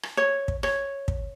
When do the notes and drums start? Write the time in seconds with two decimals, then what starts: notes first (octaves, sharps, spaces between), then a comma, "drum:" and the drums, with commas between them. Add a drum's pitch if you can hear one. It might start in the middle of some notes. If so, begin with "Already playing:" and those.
0.03 drum: rim click
0.17 C#5
0.48 drum: kick
0.63 C#5, drum: rim click
1.08 drum: kick